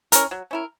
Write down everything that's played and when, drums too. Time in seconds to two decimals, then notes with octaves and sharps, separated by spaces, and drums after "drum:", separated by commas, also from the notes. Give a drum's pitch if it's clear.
0.12 C#4 E4 A#4, drum: hi-hat
0.31 F#3
0.51 C#4 E4 A#4